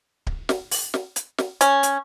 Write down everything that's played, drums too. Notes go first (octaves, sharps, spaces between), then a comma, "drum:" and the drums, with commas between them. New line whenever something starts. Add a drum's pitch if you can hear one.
drum: kick D1
drum: snare
drum: open hi-hat
drum: snare
drum: hi-hat
drum: snare
C#4, drum: hi-hat
drum: hi-hat